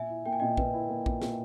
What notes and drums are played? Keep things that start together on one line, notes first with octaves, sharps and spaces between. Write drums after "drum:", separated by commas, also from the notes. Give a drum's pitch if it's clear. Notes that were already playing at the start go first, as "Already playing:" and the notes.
Already playing: A#2 E5 G#5
E4
A#3 G5
G#5
A#2 D#5 G5
A#2 B4, drum: kick A#1
E4
A#3
A#2, drum: kick A#1
A#2, drum: snare